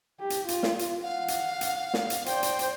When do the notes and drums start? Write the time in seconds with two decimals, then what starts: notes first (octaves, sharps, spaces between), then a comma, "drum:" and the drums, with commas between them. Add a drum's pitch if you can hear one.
0.20 G4
0.30 drum: hi-hat
0.48 F4, drum: hi-hat
0.63 drum: snare
0.79 drum: hi-hat
1.03 F5 F#5
1.28 drum: hi-hat
1.61 drum: hi-hat
1.94 drum: snare
2.10 drum: hi-hat
2.26 C5 D5 G5, drum: hi-hat
2.43 drum: hi-hat
2.59 drum: hi-hat